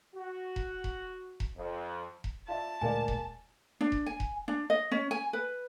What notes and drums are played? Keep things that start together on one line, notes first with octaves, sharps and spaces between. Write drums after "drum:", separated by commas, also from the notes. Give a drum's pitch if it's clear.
F#4
drum: kick E1
drum: kick E1
drum: kick E1
F2
drum: kick E1
F4 D5 E5 A5
D2 A#2 G#3 A#3 D5 G#5
drum: kick E1
D4
drum: kick E1
G#5
drum: kick E1
D4
D#5
C#4
G#5
B4